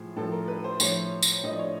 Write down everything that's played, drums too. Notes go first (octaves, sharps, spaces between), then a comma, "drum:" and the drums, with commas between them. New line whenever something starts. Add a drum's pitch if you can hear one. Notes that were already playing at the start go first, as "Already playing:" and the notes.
Already playing: A2 F3 G#4
A2 F3 A4
A#4
B4
C5
A2 F3 C#5, drum: tambourine
drum: tambourine
A2 F3 D#5
D5
C#5